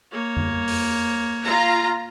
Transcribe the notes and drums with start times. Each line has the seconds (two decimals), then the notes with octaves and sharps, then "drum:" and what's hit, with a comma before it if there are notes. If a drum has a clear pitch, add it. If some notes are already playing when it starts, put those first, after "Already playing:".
0.11 A#3 C#5
0.37 drum: tom F2
0.68 drum: open hi-hat
1.44 F4 A#5